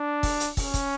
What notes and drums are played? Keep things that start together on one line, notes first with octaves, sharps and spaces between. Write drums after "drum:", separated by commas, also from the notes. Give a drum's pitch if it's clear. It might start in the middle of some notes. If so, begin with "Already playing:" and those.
Already playing: D4
drum: kick, open hi-hat
drum: hi-hat
C#4, drum: kick, open hi-hat
drum: kick, hi-hat